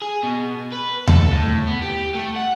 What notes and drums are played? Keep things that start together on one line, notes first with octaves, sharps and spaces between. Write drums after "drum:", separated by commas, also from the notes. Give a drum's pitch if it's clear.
G#4
B2
B4
A4, drum: tom D#2
A2
B3
G4
A3
F#5